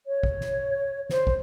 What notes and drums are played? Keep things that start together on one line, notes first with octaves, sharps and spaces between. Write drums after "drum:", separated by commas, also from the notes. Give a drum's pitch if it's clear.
C#5
drum: kick
drum: snare
C5, drum: snare
drum: kick